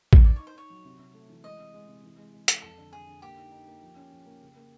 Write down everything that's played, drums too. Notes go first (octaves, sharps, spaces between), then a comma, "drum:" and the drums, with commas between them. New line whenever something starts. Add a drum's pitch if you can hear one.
drum: kick A1
D#4 D5
D#4 C#5
C5
D#4 C#5
F#3
C3
C3
A3
E3
G#3 D#5
C3
G#3
C3
E3
G#3
G#3
E3, drum: hi-hat
F2 A4
D3
D3 G#4
D3
A#3 G4
D#4
D#4
A#3
F3
C#4
F3
A#3
C#3
A#3